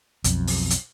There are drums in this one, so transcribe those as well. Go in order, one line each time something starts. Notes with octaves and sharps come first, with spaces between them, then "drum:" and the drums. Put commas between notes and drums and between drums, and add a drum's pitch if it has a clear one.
B1 F2, drum: hi-hat
drum: open hi-hat
drum: hi-hat